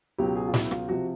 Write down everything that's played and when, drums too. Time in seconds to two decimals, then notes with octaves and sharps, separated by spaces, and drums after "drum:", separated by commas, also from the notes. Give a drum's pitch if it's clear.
0.18 C#2 B2 F#3 G4
0.36 G#4
0.48 F4
0.54 E4, drum: snare
0.71 F4, drum: rim click
0.89 C3 F3 F#4